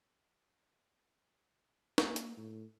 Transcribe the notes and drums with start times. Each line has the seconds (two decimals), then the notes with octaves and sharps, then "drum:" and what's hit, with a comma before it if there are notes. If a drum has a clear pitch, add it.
1.98 A#3, drum: snare
2.16 drum: hi-hat
2.37 A2